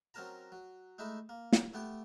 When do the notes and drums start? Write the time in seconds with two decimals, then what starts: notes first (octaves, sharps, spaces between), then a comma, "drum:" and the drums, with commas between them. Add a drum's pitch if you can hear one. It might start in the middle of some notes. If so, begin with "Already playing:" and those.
0.14 F#3 C4 C#4 A#4 A5 A#5
0.52 F#3
0.98 G#3 A3 D#4 E4 E5
1.29 A#3
1.52 drum: snare
1.73 A3 B3 G4 G5